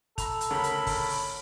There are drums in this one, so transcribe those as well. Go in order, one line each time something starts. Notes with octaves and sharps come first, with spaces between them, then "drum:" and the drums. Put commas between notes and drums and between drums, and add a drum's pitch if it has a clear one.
A4 A#5 B5 F7, drum: kick, hi-hat
drum: hi-hat
D2 C#3 A#4 B5
drum: hi-hat
drum: kick, open hi-hat
drum: open hi-hat